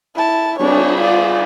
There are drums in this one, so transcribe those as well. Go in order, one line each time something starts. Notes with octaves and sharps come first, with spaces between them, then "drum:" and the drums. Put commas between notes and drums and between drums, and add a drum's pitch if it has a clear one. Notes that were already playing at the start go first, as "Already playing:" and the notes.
E4 A5
D4 C#5, drum: cymbal
F4 D5